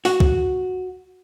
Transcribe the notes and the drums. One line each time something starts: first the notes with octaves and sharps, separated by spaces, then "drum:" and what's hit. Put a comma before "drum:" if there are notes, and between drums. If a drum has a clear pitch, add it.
F#4, drum: open hi-hat
drum: kick